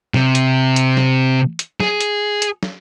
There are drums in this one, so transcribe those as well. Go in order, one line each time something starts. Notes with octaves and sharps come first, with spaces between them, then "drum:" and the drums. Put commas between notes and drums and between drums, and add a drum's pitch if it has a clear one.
C3, drum: snare
drum: hi-hat
drum: hi-hat
drum: snare
drum: hi-hat
G#4, drum: snare
drum: hi-hat
drum: hi-hat
drum: snare